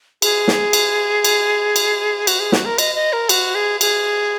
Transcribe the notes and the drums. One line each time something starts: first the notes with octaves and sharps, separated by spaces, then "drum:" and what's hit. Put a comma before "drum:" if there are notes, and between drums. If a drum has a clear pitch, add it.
G#4, drum: cymbal
drum: snare
drum: cymbal
drum: cymbal
drum: cymbal
F#4, drum: cymbal
G#4
F#4, drum: snare
A#4
D#5, drum: cymbal
D#5
A#4
F#4, drum: cymbal
G#4
G#4, drum: cymbal